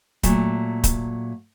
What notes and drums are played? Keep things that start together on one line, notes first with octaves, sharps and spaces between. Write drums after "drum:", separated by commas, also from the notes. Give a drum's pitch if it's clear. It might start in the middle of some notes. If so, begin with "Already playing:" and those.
A#2 F#3 A3, drum: kick D1, hi-hat
drum: kick D1, hi-hat